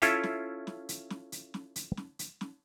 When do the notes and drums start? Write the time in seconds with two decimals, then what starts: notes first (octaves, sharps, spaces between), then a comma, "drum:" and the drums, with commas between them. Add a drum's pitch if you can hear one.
0.02 C#4 E4 F4 A4 E5 F5, drum: hi-hat
0.23 drum: snare
0.67 drum: snare
0.89 drum: hi-hat
1.10 drum: snare
1.32 drum: hi-hat
1.54 drum: snare
1.76 drum: hi-hat
1.97 drum: snare
2.19 drum: hi-hat
2.41 drum: snare